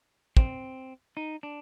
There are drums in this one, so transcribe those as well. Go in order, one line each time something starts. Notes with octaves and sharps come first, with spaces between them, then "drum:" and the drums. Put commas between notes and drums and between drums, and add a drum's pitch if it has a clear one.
C4, drum: kick
D#4
D4